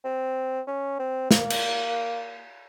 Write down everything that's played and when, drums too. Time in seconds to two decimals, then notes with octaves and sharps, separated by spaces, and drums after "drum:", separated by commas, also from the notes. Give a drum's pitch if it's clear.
0.04 C4
0.67 C#4
0.99 C4
1.31 A#3, drum: snare
1.50 drum: cymbal